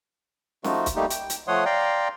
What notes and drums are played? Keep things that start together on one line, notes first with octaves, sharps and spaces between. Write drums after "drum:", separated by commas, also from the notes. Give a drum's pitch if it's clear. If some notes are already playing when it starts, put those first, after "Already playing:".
F3 A3 D#4 F4 F#4, drum: snare C#4
drum: kick, hi-hat
G3 A3 A#3 D#4 G4
G5, drum: hi-hat
drum: hi-hat
F3 A3 C#5 F#5 C6 D#6
D5 F5 G5 A#5 C6